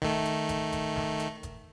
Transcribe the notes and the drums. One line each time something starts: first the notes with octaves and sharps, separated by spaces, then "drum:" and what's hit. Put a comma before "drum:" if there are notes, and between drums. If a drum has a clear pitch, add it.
D#3 A3, drum: snare
drum: hi-hat
drum: kick F#1, hi-hat
drum: kick F#1, hi-hat
drum: snare
drum: hi-hat
drum: kick F#1, hi-hat